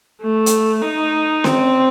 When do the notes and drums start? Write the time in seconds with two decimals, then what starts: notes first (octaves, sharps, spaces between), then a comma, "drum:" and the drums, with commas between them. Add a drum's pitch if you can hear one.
0.22 A3
0.46 drum: hi-hat
0.82 D#4
1.44 C4, drum: snare C#4